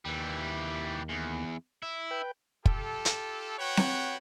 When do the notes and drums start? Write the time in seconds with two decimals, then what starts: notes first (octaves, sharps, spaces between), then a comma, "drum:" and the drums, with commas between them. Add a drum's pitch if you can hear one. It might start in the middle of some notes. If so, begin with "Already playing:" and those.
0.05 D#2 E3 G3
1.10 E2
1.83 E4
2.11 B4 G5
2.66 F4 G4 A4, drum: kick
3.05 drum: hi-hat
3.59 F#4 B4 C#5 F#5 G5
3.77 drum: snare C4